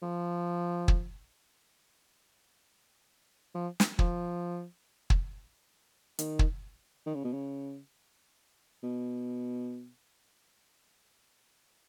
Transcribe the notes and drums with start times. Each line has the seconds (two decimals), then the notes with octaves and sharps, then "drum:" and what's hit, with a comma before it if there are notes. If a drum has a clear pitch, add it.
0.02 F3
0.88 drum: kick
3.55 F3
3.80 drum: snare
3.99 F3, drum: kick
5.10 drum: kick
6.19 D#3, drum: hi-hat
6.39 drum: kick
7.06 D#3
7.15 C#3
7.25 B2
7.33 C#3
8.83 B2